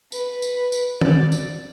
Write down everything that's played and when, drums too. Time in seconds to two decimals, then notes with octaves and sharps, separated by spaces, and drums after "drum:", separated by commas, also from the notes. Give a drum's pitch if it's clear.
0.12 B4, drum: tambourine
0.42 drum: tambourine
0.72 drum: tambourine
1.01 D5, drum: tom
1.32 drum: tambourine